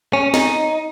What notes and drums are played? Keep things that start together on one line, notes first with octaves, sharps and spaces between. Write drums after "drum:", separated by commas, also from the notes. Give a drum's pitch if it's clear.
C#4
D#4, drum: snare